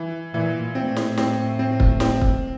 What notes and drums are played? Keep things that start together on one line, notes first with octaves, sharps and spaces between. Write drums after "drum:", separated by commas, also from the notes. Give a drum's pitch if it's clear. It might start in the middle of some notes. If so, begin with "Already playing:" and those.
Already playing: E3
A#2 E3
A2 C4
drum: snare
C4, drum: snare
C4
drum: kick
C4, drum: snare
drum: kick